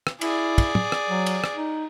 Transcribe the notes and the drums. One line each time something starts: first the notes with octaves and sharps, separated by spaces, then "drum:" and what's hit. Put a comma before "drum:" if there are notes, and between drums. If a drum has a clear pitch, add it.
drum: rim click
E4 G#4 D5, drum: cymbal
drum: kick, cymbal
drum: tom
drum: rim click
F#3
drum: cymbal
drum: rim click
D#4